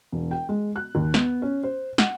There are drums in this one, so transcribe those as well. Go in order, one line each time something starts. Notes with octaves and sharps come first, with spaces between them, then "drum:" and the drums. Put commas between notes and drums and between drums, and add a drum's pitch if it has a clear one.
E1
G5
G#3
F#6
D#2
B3, drum: snare
C#4
C5
F#5, drum: snare